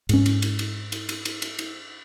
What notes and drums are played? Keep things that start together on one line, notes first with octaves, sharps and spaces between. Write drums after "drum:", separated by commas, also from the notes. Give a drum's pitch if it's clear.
G#2 C#4, drum: cymbal
drum: cymbal
drum: cymbal
drum: cymbal
drum: cymbal
drum: cymbal
drum: cymbal
drum: cymbal
drum: cymbal